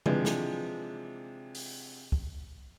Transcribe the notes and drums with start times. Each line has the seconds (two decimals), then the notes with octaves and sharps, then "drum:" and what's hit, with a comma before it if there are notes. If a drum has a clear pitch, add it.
0.06 C3 E3 F3 G#3 D4, drum: tom C#3
0.25 drum: snare
1.55 drum: open hi-hat
2.12 drum: kick